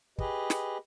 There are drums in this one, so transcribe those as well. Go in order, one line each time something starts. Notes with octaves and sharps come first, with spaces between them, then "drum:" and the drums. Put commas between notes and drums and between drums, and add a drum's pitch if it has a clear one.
G4 G#4 B4 D#5, drum: kick
drum: snare